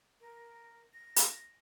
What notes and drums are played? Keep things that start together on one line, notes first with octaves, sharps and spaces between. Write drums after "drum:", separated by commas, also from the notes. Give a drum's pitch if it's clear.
A#4
A#6
drum: hi-hat